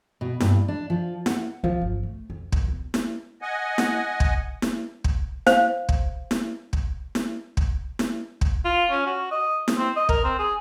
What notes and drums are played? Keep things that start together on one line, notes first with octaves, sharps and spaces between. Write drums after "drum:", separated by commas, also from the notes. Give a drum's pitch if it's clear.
B2
G2, drum: snare E4
D4
F3
F#5, drum: snare E4
F3
G1
A3
F2
D#3, drum: kick
E2
drum: snare E4
D#5 F#5 G#5
drum: snare E4
drum: kick
drum: snare E4
drum: kick
C5 F5, drum: snare E4
drum: kick
drum: snare E4
drum: kick
drum: snare E4
drum: kick
drum: snare E4
drum: kick
F4
C#4
F#4
D#5
drum: snare E4
C4
D#5
A#4, drum: kick
C4
G#4